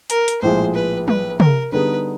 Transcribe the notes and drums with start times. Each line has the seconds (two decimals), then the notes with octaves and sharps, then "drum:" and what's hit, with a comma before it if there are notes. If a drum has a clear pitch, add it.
0.10 A#4, drum: hi-hat
0.28 drum: hi-hat
0.42 A#1 A2 F3 G#3 C5
0.75 B4
1.08 B4, drum: tom
1.40 A#4, drum: tom
1.72 D3 G3 B3 D#4 G#4 B4